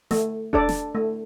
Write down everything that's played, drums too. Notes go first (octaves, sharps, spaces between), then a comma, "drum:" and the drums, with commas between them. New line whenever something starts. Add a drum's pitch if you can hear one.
A3, drum: snare
D4 A4 D5, drum: kick E1
drum: snare
A3